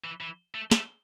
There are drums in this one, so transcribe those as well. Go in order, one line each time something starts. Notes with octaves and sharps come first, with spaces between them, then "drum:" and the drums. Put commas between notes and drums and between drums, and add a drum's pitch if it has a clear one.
E3
E3
A3
A3, drum: snare